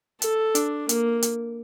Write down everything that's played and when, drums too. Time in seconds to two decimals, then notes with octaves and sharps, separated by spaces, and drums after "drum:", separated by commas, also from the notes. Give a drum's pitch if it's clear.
0.22 A4, drum: hi-hat
0.55 D4, drum: hi-hat
0.89 A#3, drum: hi-hat
1.22 drum: hi-hat